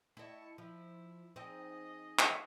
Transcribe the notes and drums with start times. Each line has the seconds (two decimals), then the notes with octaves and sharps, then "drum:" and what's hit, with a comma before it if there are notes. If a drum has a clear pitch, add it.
0.17 E4 D#5 A5 C#6
0.58 F3 E4
1.36 C4 D#4 G#4 D#5
2.19 drum: clap